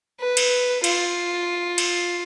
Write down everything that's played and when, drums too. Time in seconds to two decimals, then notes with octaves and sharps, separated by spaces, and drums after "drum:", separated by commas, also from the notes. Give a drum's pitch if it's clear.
0.20 B4
0.37 drum: cymbal
0.84 F4, drum: cymbal
1.78 drum: cymbal